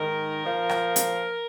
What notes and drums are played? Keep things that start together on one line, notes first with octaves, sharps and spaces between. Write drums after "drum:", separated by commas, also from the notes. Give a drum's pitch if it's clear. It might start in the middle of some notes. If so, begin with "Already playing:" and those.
Already playing: G#2 D#3 A#4
A#2 F3
drum: rim click
drum: hi-hat